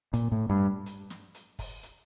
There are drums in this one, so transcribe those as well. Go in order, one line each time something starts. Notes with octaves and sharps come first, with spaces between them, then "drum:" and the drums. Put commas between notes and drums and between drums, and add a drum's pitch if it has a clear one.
A#2, drum: hi-hat
A2
G2
drum: hi-hat
drum: snare
drum: hi-hat
drum: kick, open hi-hat
drum: hi-hat